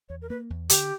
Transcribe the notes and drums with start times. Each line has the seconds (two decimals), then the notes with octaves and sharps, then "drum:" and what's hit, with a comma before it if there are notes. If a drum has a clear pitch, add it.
0.09 E2 C#5
0.22 A#4
0.29 A#3 B4
0.50 E2
0.69 D3 G4, drum: hi-hat